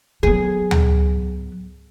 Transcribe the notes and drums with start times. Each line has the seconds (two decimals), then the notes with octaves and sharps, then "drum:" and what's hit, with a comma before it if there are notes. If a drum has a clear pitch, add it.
0.23 F#3 B3 G#4
0.71 drum: tom D2